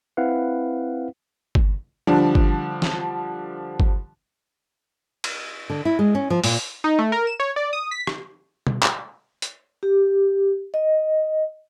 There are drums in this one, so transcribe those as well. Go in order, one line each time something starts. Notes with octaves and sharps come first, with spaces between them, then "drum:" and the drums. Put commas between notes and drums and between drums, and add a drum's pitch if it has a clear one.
C4 E4 B4 F5 F#5
drum: kick G1
D3 F3 G3 D4
drum: kick G1
drum: snare
drum: kick G1
drum: cymbal
D3
E4
G#3
C#4
F3
A#2, drum: open hi-hat
D#4
A3
A#4
E7
C#5
D5
D#6
B6
drum: rim click
drum: tom
drum: clap
drum: hi-hat
G4
D#5